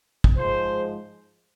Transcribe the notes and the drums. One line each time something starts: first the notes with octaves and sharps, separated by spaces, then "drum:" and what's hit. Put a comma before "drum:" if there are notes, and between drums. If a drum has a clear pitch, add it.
drum: kick
G#2 F3 G#3 C5